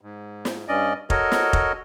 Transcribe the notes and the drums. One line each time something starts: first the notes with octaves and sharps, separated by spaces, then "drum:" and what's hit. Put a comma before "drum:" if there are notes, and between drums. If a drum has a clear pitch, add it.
G#2
drum: snare
G2 C#4 D5 D#5
F#4 A4 A#4 C#5 D#5, drum: kick F1
drum: snare
drum: kick F1